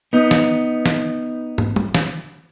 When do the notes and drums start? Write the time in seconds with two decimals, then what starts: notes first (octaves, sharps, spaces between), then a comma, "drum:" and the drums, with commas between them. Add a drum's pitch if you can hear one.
0.13 B3 D#4
0.31 drum: snare
0.86 drum: snare
1.58 drum: tom
1.76 drum: tom
1.95 drum: snare